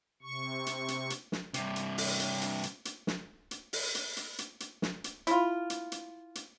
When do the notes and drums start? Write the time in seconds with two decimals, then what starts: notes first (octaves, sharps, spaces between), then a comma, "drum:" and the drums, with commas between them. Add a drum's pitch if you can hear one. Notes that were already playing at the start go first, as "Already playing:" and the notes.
0.22 C3 C#6
0.66 drum: hi-hat
0.88 drum: hi-hat
1.10 drum: hi-hat
1.32 drum: snare
1.54 G2 C3, drum: hi-hat
1.76 drum: hi-hat
1.98 drum: open hi-hat
2.20 drum: hi-hat
2.42 drum: hi-hat
2.63 drum: hi-hat
2.85 drum: hi-hat
3.07 drum: snare
3.51 drum: hi-hat
3.73 drum: open hi-hat
3.95 drum: hi-hat
4.17 drum: hi-hat
4.38 drum: hi-hat
4.60 drum: hi-hat
4.82 drum: snare
5.04 drum: hi-hat
5.27 E4 F4, drum: hi-hat
5.70 drum: hi-hat
5.92 drum: hi-hat
6.35 drum: hi-hat